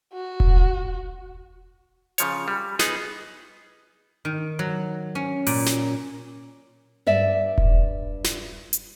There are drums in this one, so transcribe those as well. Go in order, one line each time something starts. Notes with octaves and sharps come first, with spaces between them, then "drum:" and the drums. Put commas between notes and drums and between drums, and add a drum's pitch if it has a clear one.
F#4
drum: kick E1
C#3 F3 C#5, drum: hi-hat
G3
B3 D#4 G#4, drum: snare
D#3
F#3
C#4
A#2, drum: open hi-hat
drum: snare
G2 D5 E5
drum: kick E1
drum: snare
drum: hi-hat